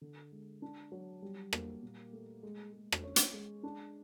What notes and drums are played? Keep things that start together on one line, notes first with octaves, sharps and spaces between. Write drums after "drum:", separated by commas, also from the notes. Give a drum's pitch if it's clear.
D3
G#3
D4
F#3
G3
A#3, drum: rim click
A#2
A3
G#3
G#3
drum: rim click
C#4
drum: hi-hat
G#3
D4